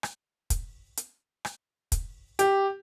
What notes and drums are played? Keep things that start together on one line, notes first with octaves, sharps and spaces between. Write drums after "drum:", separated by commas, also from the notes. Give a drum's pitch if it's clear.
drum: rim click
drum: kick, hi-hat
drum: hi-hat
drum: rim click
drum: kick, hi-hat
G4, drum: hi-hat